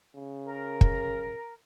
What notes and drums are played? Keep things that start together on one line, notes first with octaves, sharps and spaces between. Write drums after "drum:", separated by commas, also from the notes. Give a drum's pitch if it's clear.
C#3
A#4
drum: kick